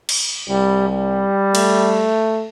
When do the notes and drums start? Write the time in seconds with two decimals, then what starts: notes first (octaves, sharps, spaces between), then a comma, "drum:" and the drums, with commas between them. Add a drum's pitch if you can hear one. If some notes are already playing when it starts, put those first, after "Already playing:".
0.09 drum: cymbal
0.49 C2 G3
0.89 G3
1.55 A3, drum: cymbal